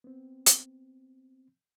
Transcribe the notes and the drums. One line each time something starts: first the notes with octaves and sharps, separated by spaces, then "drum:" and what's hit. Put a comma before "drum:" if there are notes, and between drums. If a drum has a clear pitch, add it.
B3 C4
drum: hi-hat